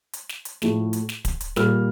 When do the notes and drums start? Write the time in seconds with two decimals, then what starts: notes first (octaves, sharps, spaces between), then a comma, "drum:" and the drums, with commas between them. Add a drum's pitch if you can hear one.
0.13 drum: hi-hat
0.29 drum: snare
0.45 drum: hi-hat
0.62 A2 F3 A3, drum: snare
0.93 drum: hi-hat
1.09 drum: snare
1.25 drum: kick D1, hi-hat
1.41 drum: hi-hat
1.56 A#2 G3 A#3 F6, drum: snare